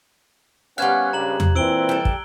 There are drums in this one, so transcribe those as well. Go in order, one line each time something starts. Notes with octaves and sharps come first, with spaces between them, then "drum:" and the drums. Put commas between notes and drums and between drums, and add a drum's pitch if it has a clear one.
G3 B3 C#4 C5 F5 F#5 F#6 G#6
C#2 G2 C#3 A#5 F#7
drum: tom E2
A#2 E3 C4 E4 E6 D7 G7
G3 A4
drum: kick